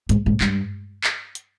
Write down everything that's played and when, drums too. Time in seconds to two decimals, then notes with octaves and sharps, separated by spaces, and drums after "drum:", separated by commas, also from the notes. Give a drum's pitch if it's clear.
0.09 G#2, drum: hi-hat
0.26 G#2
0.41 G2, drum: clap
1.04 drum: clap
1.35 drum: hi-hat